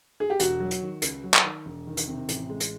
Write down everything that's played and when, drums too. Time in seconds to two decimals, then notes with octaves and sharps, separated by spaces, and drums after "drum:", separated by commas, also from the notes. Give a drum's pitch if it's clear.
0.20 G#4
0.30 G4
0.39 E1 F#4, drum: hi-hat
0.60 F#3
0.71 drum: hi-hat
0.81 D#3
1.02 C#2, drum: hi-hat
1.23 F#3
1.34 drum: clap
1.44 D#3
1.66 E1
1.87 D#3
1.97 drum: hi-hat
2.08 C3
2.29 A1, drum: hi-hat
2.50 G#3
2.60 drum: hi-hat